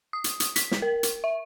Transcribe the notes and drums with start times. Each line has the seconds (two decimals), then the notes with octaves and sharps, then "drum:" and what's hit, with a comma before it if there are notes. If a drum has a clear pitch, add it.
0.13 D#6
0.24 drum: hi-hat
0.40 drum: hi-hat
0.56 B6, drum: hi-hat
0.71 drum: snare
0.82 A#4
1.03 drum: hi-hat
1.24 E5